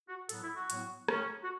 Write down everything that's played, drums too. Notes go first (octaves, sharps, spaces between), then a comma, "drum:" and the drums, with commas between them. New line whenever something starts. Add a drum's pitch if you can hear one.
F#4
A2 F#3 B3 A4, drum: hi-hat
E4
F#4
A2 F#3 B3, drum: hi-hat
A2 A3 C#4, drum: rim click
F#4